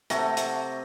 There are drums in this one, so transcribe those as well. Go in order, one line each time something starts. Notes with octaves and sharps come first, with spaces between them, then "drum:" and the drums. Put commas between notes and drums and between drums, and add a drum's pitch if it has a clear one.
C3 A3 F#5 A#5, drum: hi-hat
drum: hi-hat